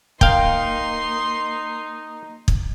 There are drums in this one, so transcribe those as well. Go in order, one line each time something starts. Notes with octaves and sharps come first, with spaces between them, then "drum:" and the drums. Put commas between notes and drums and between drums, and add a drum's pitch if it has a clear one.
A#3 D#4 F5 G5 C6, drum: kick
drum: kick